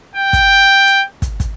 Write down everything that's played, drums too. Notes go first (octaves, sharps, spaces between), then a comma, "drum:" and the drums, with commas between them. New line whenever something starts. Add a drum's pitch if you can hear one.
G5
drum: kick, hi-hat
drum: hi-hat
drum: kick, hi-hat
drum: kick, hi-hat